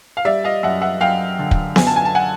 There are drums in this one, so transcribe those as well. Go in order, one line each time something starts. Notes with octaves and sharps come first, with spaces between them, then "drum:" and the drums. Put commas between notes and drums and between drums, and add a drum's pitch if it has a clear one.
F5
G3 D5 E5
D#5 F5
F#2 E5 F#5
E5 F#5
F#2 F5 G5
D3
drum: kick
F#2 G#5, drum: snare B3
A5
G#5
A5
F#5 G#5